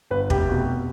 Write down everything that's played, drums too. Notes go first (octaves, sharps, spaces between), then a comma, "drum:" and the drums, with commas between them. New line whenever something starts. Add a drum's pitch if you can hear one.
G1 B4
F1 G4, drum: kick
B2